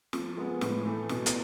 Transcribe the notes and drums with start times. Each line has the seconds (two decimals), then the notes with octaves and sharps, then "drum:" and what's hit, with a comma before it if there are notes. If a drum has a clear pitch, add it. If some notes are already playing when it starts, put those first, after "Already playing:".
0.13 F3, drum: snare
0.37 G#3 B3
0.61 A2, drum: snare
0.86 E3 A3
1.09 B2, drum: snare
1.26 drum: hi-hat